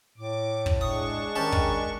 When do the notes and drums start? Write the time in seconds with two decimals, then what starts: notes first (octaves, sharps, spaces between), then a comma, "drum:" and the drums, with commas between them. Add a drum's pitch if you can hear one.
0.18 A2 D6
0.66 drum: kick
0.81 G#3 D4 C#6 D#6
1.35 D#3 C#4 G4 A5
1.52 drum: kick